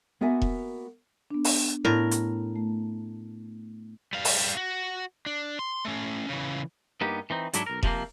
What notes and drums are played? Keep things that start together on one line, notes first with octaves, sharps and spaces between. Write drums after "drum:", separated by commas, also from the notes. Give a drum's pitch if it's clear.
A#3 B3 F#4 A#4 E5 G#5
drum: kick E1
B3 D4
drum: open hi-hat
A2 B3 A#4
drum: hi-hat
A3
G3 F5
drum: open hi-hat
F#4
D4
C6
A3 C#4
C#3 E3
G2 A#3 B3 D#4 G4
E3 C4 D#4
G#2 F#3 D4 E4 A4, drum: hi-hat
B1 A#4
C3 F3 G#3 A#3, drum: kick E1